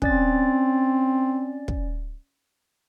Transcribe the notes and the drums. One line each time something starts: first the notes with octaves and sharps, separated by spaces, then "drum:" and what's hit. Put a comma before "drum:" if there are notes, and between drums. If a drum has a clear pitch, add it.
C4 C#4 D5 A6, drum: kick
drum: kick